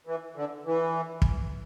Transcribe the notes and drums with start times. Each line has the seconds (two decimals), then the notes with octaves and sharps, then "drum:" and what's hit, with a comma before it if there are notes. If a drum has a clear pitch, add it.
0.07 E3
0.36 D3
0.66 E3
1.22 drum: kick